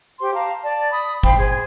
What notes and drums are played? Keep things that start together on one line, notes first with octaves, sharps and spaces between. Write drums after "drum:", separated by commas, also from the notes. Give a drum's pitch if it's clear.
G4 C5 C6
F5 A5 A#5
D5 A5
B5 D#6
C5 F5 G5 B5, drum: kick
G#4 C5 G#6